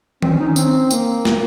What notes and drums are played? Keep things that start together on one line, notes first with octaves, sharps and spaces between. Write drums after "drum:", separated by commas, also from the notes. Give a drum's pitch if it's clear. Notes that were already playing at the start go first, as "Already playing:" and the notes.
C4, drum: tom D#3
C#4
D#4
C#4
C4, drum: tambourine
A#3, drum: tambourine
drum: snare